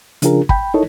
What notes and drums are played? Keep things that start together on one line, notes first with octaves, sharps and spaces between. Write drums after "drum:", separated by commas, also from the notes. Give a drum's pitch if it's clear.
C#3 F3 D4 F4 G#4 A#4, drum: hi-hat
G5 B5, drum: kick
D#4 E4 A4 A#4 C#5 D#5